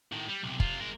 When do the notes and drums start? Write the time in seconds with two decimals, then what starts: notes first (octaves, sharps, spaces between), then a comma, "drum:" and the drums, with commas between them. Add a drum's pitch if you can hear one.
0.12 A2 D#3
0.29 G3
0.43 B1 C3
0.60 C3 F4, drum: kick
0.80 G#3 A#4